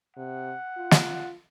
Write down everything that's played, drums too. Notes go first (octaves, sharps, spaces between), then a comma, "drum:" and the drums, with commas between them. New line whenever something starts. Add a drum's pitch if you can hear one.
C3 F#5
F4
drum: snare